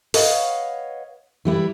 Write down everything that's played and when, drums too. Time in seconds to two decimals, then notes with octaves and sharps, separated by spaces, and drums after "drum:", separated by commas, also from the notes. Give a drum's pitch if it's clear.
0.14 B4 C#5 D#5 F5 F#5, drum: open hi-hat
1.45 E3 G3 E4